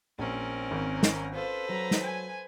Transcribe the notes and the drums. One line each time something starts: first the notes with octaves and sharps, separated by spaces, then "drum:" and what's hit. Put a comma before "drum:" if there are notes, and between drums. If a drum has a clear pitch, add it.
A#1 C4 C#4 A#4
G#1
drum: snare
F4 A4 B4 C5
F#3 A#5
drum: snare
G#5